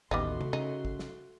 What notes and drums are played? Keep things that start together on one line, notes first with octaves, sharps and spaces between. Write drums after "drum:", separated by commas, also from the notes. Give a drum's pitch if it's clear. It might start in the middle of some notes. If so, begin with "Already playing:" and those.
A1 D#2 G3 A3 B3 D#4 F#4 C6, drum: kick
drum: tom C3
C#3 D#4
drum: kick
drum: snare